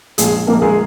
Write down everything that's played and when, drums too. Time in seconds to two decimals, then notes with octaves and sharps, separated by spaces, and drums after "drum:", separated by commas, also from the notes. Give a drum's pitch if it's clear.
0.18 A#1 G#3 G#4, drum: hi-hat
0.47 A#1 A#3 A#4
0.62 G#3 G#4